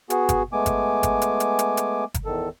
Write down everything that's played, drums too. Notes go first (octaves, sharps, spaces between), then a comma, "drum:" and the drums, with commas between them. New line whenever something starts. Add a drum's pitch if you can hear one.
B3 F#4 G#4, drum: hi-hat
drum: kick G1, hi-hat
G#3 A3 B3 G#5 D6
drum: kick G1, hi-hat
drum: kick G1, hi-hat
drum: hi-hat
drum: hi-hat
drum: hi-hat
drum: hi-hat
drum: kick G1, hi-hat
E2 D#3 A4